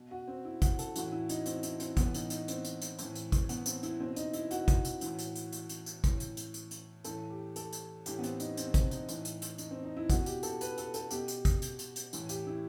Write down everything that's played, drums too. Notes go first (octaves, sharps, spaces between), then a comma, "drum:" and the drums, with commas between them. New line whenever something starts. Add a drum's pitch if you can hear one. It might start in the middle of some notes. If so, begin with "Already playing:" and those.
Already playing: B2
F#4
C4
E4
F#4, drum: kick, hi-hat
A4, drum: hi-hat
A2 E3 F#4, drum: hi-hat
E4
D#4, drum: hi-hat
C4, drum: hi-hat
E4, drum: hi-hat
C4, drum: hi-hat
A2 E3 B3, drum: kick, hi-hat
D#4, drum: hi-hat
D#4, drum: hi-hat
C4, drum: hi-hat
drum: hi-hat
drum: hi-hat
A2 E3, drum: hi-hat
drum: hi-hat
drum: kick, hi-hat
B3, drum: hi-hat
C4, drum: hi-hat
E4, drum: hi-hat
B2 C4
D#4, drum: hi-hat
E4, drum: hi-hat
F#4, drum: hi-hat
drum: kick, hi-hat
drum: hi-hat
A2 E3, drum: hi-hat
drum: hi-hat
drum: hi-hat
drum: hi-hat
drum: hi-hat
drum: hi-hat
A2 E3, drum: kick, hi-hat
drum: hi-hat
drum: hi-hat
drum: hi-hat
drum: hi-hat
A2 E3 A4, drum: hi-hat
G4
A4, drum: hi-hat
drum: hi-hat
A2 E3 G4, drum: hi-hat
B3
C4, drum: hi-hat
D#4, drum: hi-hat
C4, drum: hi-hat
C4, drum: kick, hi-hat
D#4, drum: hi-hat
A2 E3, drum: hi-hat
drum: hi-hat
drum: hi-hat
D#4, drum: hi-hat
C4
D#4
E4
B2 F#4, drum: kick, hi-hat
G4, drum: hi-hat
A4, drum: hi-hat
B4, drum: hi-hat
A4, drum: hi-hat
A4, drum: hi-hat
B2 G4, drum: hi-hat
drum: hi-hat
drum: kick, hi-hat
drum: hi-hat
drum: hi-hat
drum: hi-hat
A2 E3, drum: hi-hat
G4, drum: hi-hat
E4